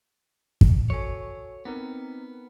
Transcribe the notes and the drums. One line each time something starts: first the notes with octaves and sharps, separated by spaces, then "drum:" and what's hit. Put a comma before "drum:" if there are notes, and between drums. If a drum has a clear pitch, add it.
drum: kick
F#4 A4 C#5 G#5
B3 C4 D#4 A#4